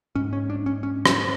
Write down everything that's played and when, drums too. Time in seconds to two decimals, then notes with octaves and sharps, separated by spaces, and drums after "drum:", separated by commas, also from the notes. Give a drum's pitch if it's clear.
0.15 G#2 C#4
0.33 C#4
0.50 D4
0.66 C#4
0.83 C#4
1.06 C#4, drum: rim click